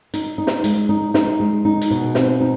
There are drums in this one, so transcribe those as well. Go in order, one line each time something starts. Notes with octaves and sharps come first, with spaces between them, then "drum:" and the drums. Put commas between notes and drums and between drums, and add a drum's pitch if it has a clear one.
D#4, drum: hi-hat
D#4
drum: snare
G#3, drum: hi-hat
D#4
D#4, drum: snare
G#3
D#4
drum: hi-hat
B2
C4, drum: snare
D#4